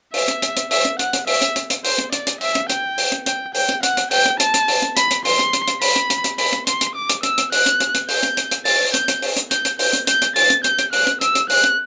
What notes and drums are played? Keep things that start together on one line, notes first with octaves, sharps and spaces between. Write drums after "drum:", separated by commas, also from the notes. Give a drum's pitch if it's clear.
E5, drum: open hi-hat
drum: hi-hat
drum: hi-hat
drum: hi-hat
E5, drum: open hi-hat
drum: hi-hat
F#5, drum: hi-hat
drum: hi-hat
E5, drum: open hi-hat
drum: hi-hat
drum: hi-hat
drum: hi-hat
C5, drum: open hi-hat
drum: hi-hat
D5, drum: hi-hat
drum: hi-hat
E5, drum: open hi-hat
drum: hi-hat
G5, drum: hi-hat
drum: open hi-hat
drum: hi-hat
G5, drum: hi-hat
G5, drum: open hi-hat
drum: hi-hat
F#5, drum: hi-hat
drum: hi-hat
G5, drum: open hi-hat
drum: hi-hat
A5, drum: hi-hat
drum: hi-hat
drum: open hi-hat
drum: hi-hat
B5, drum: hi-hat
drum: hi-hat
C6, drum: open hi-hat
drum: hi-hat
drum: hi-hat
drum: hi-hat
B5, drum: open hi-hat
drum: hi-hat
drum: hi-hat
drum: hi-hat
B5, drum: open hi-hat
drum: hi-hat
C6, drum: hi-hat
drum: hi-hat
D6
drum: hi-hat
E6, drum: hi-hat
drum: hi-hat
F#6, drum: open hi-hat
drum: hi-hat
drum: hi-hat
drum: hi-hat
G6, drum: open hi-hat
drum: hi-hat
drum: hi-hat
drum: hi-hat
A6, drum: open hi-hat
G6, drum: hi-hat
drum: hi-hat
drum: open hi-hat
drum: hi-hat
G6, drum: hi-hat
drum: hi-hat
G6, drum: open hi-hat
drum: hi-hat
G6, drum: hi-hat
drum: hi-hat
A6, drum: open hi-hat
drum: hi-hat
G6, drum: hi-hat
drum: hi-hat
F#6, drum: open hi-hat
drum: hi-hat
E6, drum: hi-hat
drum: hi-hat
F#6, drum: open hi-hat
drum: hi-hat